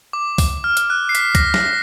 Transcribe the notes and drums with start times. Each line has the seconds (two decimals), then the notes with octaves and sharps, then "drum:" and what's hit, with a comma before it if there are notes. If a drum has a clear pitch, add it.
0.13 D6
0.38 drum: kick C2, open hi-hat
0.64 F6
0.77 drum: hi-hat
0.90 F#6
1.09 C7
1.15 B6, drum: hi-hat
1.35 A#6, drum: kick C2, hi-hat
1.54 A#6, drum: snare